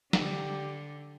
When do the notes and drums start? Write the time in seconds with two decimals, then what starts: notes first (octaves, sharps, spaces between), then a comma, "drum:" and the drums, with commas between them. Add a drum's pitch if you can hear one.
0.13 D3 G4, drum: snare